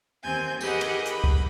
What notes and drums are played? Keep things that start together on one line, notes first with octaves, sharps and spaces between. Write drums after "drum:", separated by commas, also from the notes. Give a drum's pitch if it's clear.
D#2 C4 G#5 G6
G4 G#4 A#4 B4 D#5 F#5, drum: tambourine
drum: cymbal
B5, drum: hi-hat
drum: kick C#2